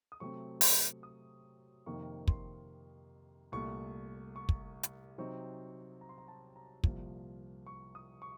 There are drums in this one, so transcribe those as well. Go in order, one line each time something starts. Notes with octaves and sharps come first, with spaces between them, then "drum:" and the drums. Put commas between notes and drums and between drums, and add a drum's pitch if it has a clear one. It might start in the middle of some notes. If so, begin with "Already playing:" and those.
D#6
C3 F#3 A3 C4 C#6
drum: open hi-hat
D#6
F2 C3 D#3 A#3 C#6
C6, drum: kick
C2 A#2 A3 C#6
C#6
drum: kick
drum: hi-hat
C3 F#3 C4 D#4 C#6
A#5
C6
A#5
A5
A#5
C2 A#2 F3, drum: kick
C#6
D#6
C#6